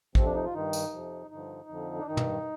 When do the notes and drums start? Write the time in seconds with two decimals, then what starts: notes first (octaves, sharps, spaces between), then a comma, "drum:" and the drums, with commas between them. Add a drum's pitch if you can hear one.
0.15 F2 C3 F3 C4, drum: kick
0.25 D4
0.35 D#4
0.44 F4
0.54 G2 D#3 D#4
0.73 drum: tambourine
0.93 F2 C3 F3
1.31 G2 D3 F3 D#4
1.69 F2 D3 F3
1.99 D4
2.07 G2 D#3 D#4
2.17 drum: tom